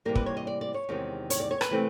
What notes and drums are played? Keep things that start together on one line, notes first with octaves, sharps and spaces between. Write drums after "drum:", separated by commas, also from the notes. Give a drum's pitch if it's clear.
C3 E3 G3 A#3 A#4
B4, drum: kick
C#5
D#5
D5
D5
C#5
E2 C3 D#3 G#3
C#5, drum: hi-hat
D5
C#5
B4, drum: rim click
C3 E3 A3 C4